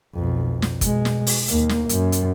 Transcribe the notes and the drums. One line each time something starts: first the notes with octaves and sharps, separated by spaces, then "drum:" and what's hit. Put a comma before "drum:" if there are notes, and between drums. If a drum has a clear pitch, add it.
B1 F2
drum: snare
B2 G#3, drum: kick, hi-hat
drum: snare
drum: open hi-hat
D#2 A#3, drum: hi-hat
drum: snare
F#2, drum: hi-hat
drum: hi-hat